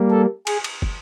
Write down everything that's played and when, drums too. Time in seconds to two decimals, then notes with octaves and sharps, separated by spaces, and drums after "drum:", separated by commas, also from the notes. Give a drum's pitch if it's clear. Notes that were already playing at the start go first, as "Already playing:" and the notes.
Already playing: G3 A#3
0.11 A4
0.47 G#4, drum: cymbal
0.64 drum: cymbal
0.82 drum: kick